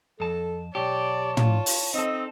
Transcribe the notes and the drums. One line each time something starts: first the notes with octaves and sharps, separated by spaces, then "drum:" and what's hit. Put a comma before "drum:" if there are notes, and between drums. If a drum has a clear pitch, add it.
F2 A4 A5
B1 G4 C#5 D5 A5
F4, drum: tom
drum: open hi-hat
C4 D#4 A4 D#5